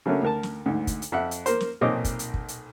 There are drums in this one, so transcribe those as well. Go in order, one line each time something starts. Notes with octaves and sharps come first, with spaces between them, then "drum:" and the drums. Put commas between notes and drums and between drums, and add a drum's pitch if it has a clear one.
C#3 F#3 A3 A#3 C#4 D4
D2 A#4 A5
drum: snare
D2 G#2
drum: kick, hi-hat
drum: hi-hat
F2 E5 F#5
drum: hi-hat
A#3 A#4 C5, drum: hi-hat
drum: snare
B1 A#2 C4 C#5 D#5 D6
drum: kick, hi-hat
drum: hi-hat
drum: kick
drum: hi-hat